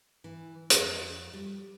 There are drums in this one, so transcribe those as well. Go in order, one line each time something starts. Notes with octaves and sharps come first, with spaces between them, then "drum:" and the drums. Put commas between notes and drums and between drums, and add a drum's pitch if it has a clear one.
E3
F2, drum: hi-hat
G3